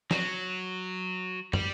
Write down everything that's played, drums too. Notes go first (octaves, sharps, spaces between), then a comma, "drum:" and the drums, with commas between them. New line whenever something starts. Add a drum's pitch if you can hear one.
F#3, drum: snare
G3, drum: tom